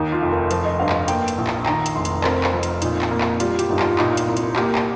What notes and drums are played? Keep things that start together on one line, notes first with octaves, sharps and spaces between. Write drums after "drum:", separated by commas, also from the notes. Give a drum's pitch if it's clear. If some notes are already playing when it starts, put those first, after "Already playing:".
Already playing: D#2 D#4
F4
F1
A#4
F3 C5, drum: hi-hat
D#5
G2 F5
drum: clap
A#3 G5, drum: hi-hat
drum: hi-hat
A#1
drum: clap
D#3 A#5, drum: clap
drum: hi-hat
F1 C6
drum: hi-hat
C4 A#4, drum: clap
drum: clap
F2
drum: hi-hat
A#2 D#4, drum: hi-hat
drum: clap
A#3
drum: clap
G3 F4, drum: hi-hat
G4, drum: hi-hat
G1 D#4
F4, drum: clap
A#2 D#4, drum: clap
drum: hi-hat
C2
drum: hi-hat
A#3 G4, drum: clap
drum: clap